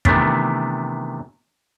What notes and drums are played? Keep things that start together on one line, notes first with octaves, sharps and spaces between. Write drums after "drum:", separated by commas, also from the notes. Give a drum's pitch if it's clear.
C3 D#3 E3 A3 B3 D4, drum: kick